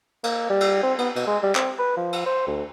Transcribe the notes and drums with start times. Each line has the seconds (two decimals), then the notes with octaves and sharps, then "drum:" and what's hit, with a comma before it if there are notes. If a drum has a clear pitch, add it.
0.24 A#3, drum: cymbal
0.50 G3
0.61 drum: cymbal
0.83 C4
0.99 B3, drum: cymbal
1.16 B2, drum: cymbal
1.27 G#3
1.43 G3
1.55 C4, drum: clap
1.79 B4
1.97 F3
2.13 drum: cymbal
2.26 C5
2.47 D2